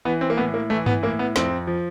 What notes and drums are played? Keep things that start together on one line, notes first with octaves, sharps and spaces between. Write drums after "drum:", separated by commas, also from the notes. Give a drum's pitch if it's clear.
E3 B3
C4
A#3
A2 B3
A#3
E3 A3
B3, drum: tom G2
A2 A#3
B3
F2 C4, drum: snare
F3